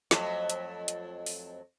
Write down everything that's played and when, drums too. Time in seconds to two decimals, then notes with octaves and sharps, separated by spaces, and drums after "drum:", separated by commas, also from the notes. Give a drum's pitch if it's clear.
0.11 F2 F#3 A3, drum: snare
0.50 drum: hi-hat
0.88 drum: hi-hat
1.26 drum: open hi-hat